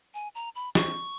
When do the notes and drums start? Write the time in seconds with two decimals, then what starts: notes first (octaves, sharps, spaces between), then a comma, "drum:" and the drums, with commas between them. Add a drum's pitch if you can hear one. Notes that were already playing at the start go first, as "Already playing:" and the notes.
0.14 G#5
0.35 A#5
0.55 B5
0.75 C#6, drum: snare